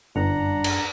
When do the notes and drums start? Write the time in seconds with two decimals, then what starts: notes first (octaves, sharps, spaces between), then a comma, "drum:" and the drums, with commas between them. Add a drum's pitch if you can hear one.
0.16 G1 F#2 D4 F#5 A#5
0.64 drum: cymbal